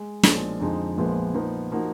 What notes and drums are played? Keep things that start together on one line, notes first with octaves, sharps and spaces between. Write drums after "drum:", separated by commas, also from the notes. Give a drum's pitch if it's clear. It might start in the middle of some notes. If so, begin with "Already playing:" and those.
Already playing: G#3
B1 A#2 F3 G#3 D4, drum: snare
F2 D3 F3 G#3 D#4
A#1 A#2 F3 G#3 B3
A#2 F3 B3 D#4
F3 A#3 D#4 F#4